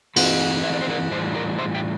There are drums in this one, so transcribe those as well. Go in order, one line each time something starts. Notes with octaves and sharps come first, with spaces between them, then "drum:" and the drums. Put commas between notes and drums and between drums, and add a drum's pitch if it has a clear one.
E3 A3 C4 E4, drum: cymbal
E5
D5
C5
A#4 D5
A2 E3 G3 D4 F4 C5 E5
A#4 D5
C5 E5
E5 G5